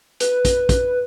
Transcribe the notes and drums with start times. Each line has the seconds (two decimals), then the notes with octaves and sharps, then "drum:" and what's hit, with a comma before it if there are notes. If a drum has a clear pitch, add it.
0.20 B4, drum: hi-hat
0.45 drum: kick, hi-hat
0.69 drum: kick, hi-hat